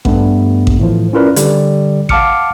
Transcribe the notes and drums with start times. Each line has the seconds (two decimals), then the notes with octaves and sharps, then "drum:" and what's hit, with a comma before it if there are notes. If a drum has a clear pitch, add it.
0.05 G2 A3 B3, drum: kick A1
0.67 drum: kick A1
0.79 A2 E3 F3
1.13 C#4 E4 F4 A#4 B4 D5
1.36 D3 G3, drum: hi-hat
2.09 F5 F#5 A5 D6 F6 C#7, drum: kick A1